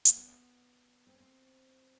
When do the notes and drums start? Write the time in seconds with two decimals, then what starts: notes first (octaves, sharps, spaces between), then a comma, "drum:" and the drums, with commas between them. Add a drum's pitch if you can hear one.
0.05 A#3, drum: hi-hat
0.17 B3
1.07 C4
1.14 C#4
1.20 C4